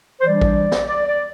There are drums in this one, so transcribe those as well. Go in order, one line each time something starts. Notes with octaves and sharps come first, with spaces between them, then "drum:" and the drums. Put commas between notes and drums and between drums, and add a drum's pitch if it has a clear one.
C5
E3 G3 D4 D5
drum: kick A1
drum: snare
D5
D5